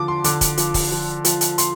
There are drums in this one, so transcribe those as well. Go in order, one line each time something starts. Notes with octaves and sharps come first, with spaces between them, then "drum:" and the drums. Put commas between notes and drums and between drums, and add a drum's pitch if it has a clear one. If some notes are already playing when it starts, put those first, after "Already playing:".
Already playing: D3 F3 D6
C6
D3 D6, drum: hi-hat
drum: kick, hi-hat
F3, drum: hi-hat
drum: kick, open hi-hat
F3
F3, drum: hi-hat
drum: hi-hat
C6, drum: hi-hat